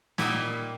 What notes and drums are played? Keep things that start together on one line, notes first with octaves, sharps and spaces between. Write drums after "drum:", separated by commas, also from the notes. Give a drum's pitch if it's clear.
A#2 G3 A#3 D#4 E4, drum: snare